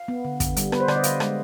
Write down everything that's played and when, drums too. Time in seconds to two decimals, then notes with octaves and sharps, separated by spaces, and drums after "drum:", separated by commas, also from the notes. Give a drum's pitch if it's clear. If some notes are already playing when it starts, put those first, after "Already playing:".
Already playing: F5
0.08 B3
0.25 D3
0.40 D3, drum: kick, hi-hat
0.56 G3, drum: hi-hat
0.72 B3 B4, drum: rim click
0.80 C5
0.88 D3 D5, drum: rim click
0.96 D#5
1.03 D3 F5, drum: hi-hat
1.20 G#3, drum: rim click